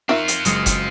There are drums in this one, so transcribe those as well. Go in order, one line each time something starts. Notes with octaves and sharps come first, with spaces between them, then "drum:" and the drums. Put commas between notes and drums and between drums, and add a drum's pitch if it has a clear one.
D#3 C4 F4 E5, drum: snare
drum: hi-hat
F#1 G#3 C#7, drum: hi-hat
drum: kick F#1, hi-hat